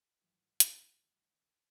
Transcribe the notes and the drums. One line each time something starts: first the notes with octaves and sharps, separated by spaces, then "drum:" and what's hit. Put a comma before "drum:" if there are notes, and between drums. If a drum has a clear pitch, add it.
G2 D#3 E3 F#3 A3
drum: hi-hat